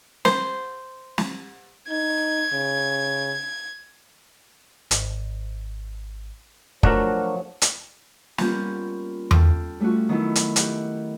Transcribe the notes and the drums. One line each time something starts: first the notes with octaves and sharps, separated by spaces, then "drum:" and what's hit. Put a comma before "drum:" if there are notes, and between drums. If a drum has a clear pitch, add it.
C5, drum: snare
drum: snare
D#4 G#6
C#3
G#1, drum: hi-hat
F3 F#3 A3 D4 F#4 A#4, drum: kick
drum: hi-hat
G3 A#3 B3 C#4 F4 G6, drum: snare
A4 F5 G5, drum: tom E2
G3 A3 C#4 F4 F#4
D#3 F#3 B3 C#4 E4
drum: hi-hat
G4 F#5, drum: hi-hat